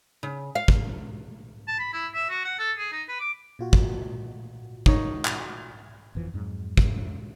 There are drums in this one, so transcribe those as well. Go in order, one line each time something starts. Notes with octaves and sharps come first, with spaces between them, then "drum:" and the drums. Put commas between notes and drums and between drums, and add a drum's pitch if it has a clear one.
C#3
F5
drum: kick
A5
B5
E4
E5
F#4
F#5
A4
G#4
D#4
B4
D6
A#2 F4 F#4
drum: kick
D#3 D#4 C#5, drum: kick
drum: clap
G1 F2 E3 F3
F2 G#2 F#3
drum: kick